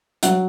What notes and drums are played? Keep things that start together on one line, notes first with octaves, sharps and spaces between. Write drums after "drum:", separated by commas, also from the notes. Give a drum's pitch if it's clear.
F#3 F#5, drum: hi-hat